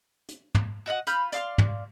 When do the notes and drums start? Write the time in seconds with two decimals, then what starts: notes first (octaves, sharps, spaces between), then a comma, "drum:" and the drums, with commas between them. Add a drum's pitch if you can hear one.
0.29 drum: hi-hat
0.55 drum: tom
0.86 F#4 D#5 F5 F#5
1.07 F4 B5 F6 G6, drum: hi-hat
1.32 D5 F5 C6 F6, drum: hi-hat
1.58 drum: tom